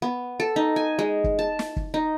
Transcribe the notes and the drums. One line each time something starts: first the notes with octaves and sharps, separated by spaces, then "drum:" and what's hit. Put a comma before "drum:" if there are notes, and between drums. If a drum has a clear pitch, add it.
B3
A4
D#4
G#5
G#3
drum: kick
A5
drum: snare
drum: kick
D#4